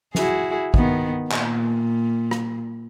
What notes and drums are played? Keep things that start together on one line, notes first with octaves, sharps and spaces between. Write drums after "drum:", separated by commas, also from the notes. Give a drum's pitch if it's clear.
E4 F#4 G#4, drum: snare
D#3 B3, drum: kick
A#2, drum: clap
drum: rim click